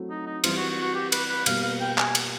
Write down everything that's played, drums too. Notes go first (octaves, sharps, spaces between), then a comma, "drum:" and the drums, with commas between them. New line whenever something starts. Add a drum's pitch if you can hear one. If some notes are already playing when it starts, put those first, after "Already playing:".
Already playing: F#3 A3 C4 E4
D#4
D#4
E3 G3 C4 E4 F4, drum: cymbal
F#4
F#4
F#4
G4
B4, drum: cymbal
B4
B2 G3 A#3 F5, drum: cymbal
F5
G5
G#5, drum: clap
drum: cymbal